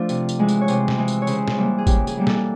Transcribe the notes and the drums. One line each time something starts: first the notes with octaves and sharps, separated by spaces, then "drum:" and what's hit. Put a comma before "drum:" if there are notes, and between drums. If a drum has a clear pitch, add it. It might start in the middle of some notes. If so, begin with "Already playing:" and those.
Already playing: F3 A3 D4 F4 C5
C3, drum: tambourine
drum: tambourine
E3 G#3
drum: tambourine
C#5
C3 C5, drum: tambourine
drum: snare
E3 G#3
drum: tambourine
C#5
C#3 C5, drum: tambourine
drum: snare
E3 G3 A#3
G#4
C#3 G4, drum: kick G#1, tambourine
G#4, drum: tambourine
E3 G3 A#3
A4, drum: snare